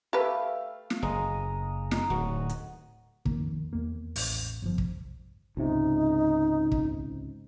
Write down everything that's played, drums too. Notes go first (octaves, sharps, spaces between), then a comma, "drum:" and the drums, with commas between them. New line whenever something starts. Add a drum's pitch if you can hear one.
A3 G4 B4 F5
drum: snare
F#1 G#3 D#5 A#5
D#4 D#5, drum: snare
D1 F#4
drum: hi-hat
F2 D#3 A#3, drum: kick
E2 A#3
A1, drum: open hi-hat
G1 F3
drum: kick
C#2 G#2 C3 D#4
drum: kick